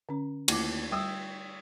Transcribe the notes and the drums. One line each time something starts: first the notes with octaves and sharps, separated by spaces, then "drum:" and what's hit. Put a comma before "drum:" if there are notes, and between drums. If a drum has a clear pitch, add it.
D3 C#4
D#2 A3 E4 D6, drum: cymbal
G3 G5 D#6 E6